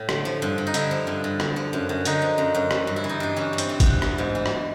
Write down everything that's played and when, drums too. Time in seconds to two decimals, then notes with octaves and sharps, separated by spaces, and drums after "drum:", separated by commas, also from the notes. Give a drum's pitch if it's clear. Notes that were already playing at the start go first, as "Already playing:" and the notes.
Already playing: A2
0.09 D3, drum: rim click
0.25 F3
0.42 G2
0.58 G2
0.67 D#4
0.74 D3 E4, drum: hi-hat
0.91 F3
1.07 G2
1.24 G2
1.40 D3, drum: rim click
1.56 F3
1.73 F#2
1.89 F#2
2.05 D3 D#4, drum: hi-hat
2.22 F3
2.38 F#2
2.55 F#2
2.71 E3, drum: rim click
2.87 G2
2.96 E4
3.04 E3
3.09 D#4
3.20 G2 D4
3.36 E3 C#4
3.53 G2
3.58 C4, drum: hi-hat
3.69 E3
3.80 B3, drum: kick G#1, hi-hat
3.86 G2
4.02 E3, drum: rim click
4.18 G#2
4.35 E3
4.46 drum: rim click